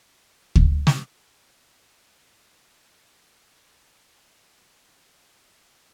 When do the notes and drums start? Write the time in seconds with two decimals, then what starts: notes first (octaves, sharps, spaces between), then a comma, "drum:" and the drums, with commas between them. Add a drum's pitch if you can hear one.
0.12 C#4
0.56 drum: kick D2
0.87 drum: snare
1.79 G#5
2.14 D2 G#2 D#3 E4 F7
2.50 A3 G#4 D5 E5
2.69 F#3 C#4 F#4 E5
2.89 B2 C4
3.22 D#3 G3 C#6
4.77 D#5
4.89 B3
5.03 G4
5.15 G#2
5.33 C#4
5.48 D4
5.77 F#6